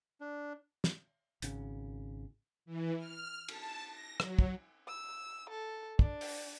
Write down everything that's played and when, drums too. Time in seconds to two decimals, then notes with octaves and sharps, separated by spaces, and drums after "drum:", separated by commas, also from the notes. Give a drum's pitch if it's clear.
0.21 D4
0.84 drum: snare
1.42 G#1 C#3, drum: hi-hat
2.66 E3
2.97 F6
3.48 A5, drum: cymbal
3.89 A#6
4.20 F#3, drum: rim click
4.39 drum: kick
4.88 E6
5.50 A4
5.99 D4, drum: kick
6.21 drum: open hi-hat